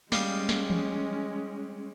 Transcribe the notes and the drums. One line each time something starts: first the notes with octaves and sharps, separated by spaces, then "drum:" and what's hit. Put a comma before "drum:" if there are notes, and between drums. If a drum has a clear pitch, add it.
G3 G#3 C#4 F5 D#6, drum: snare
drum: snare
drum: tom E3